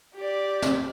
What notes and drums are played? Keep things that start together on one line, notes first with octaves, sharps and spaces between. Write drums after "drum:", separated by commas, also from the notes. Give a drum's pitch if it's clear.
G4 D5
drum: snare